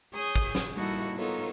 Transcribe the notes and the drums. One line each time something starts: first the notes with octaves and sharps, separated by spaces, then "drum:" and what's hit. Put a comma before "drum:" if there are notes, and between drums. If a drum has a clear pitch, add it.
G#4 C#5 D#6 G6
drum: kick
drum: snare
G3 A#3 D#4 E4 F#4 A4
B3 D#4 F4 A4 A#4 C#5